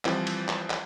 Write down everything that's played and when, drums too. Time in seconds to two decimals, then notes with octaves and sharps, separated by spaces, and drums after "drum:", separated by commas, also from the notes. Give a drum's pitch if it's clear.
0.05 E3 F3 G3 C4, drum: clap
0.27 drum: cymbal
0.48 drum: clap
0.70 drum: clap